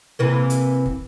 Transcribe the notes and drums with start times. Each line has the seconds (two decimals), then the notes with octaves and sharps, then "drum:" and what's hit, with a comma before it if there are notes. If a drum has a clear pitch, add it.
0.19 C3 E3 A#3
0.50 drum: hi-hat
0.86 drum: kick